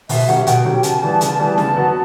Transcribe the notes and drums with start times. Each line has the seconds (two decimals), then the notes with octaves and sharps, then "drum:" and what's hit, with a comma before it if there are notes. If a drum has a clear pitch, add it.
0.09 B2 E5, drum: open hi-hat
0.28 F#3 C#4 G4 F#5
0.47 B2 G5, drum: hi-hat
0.65 F#3 C#4 G4
0.83 C#3 A5, drum: hi-hat
1.02 E3 G3 B3
1.21 C#3, drum: hi-hat
1.39 E3 G3 B3
1.58 C#3 A5, drum: snare
1.77 F#3 B3 F#4